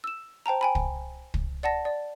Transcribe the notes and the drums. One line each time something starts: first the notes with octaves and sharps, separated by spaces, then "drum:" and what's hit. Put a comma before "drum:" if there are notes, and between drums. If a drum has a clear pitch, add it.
E6 E7
C5 G5 A5 A#5
G5 G#5 B5
drum: kick
drum: kick
D5 F#5 A5 A#6
D5